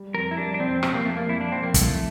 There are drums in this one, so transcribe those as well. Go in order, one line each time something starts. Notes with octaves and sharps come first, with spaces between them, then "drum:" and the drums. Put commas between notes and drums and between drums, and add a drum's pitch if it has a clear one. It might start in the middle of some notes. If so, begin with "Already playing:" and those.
Already playing: G3
F2 A#4
E4
G3 D4
D4
F2 C4
C3 C4, drum: rim click
A#3
F2 A3
A#3
F2 E4
D4
F2 C4
A#3
A2 A3, drum: kick, hi-hat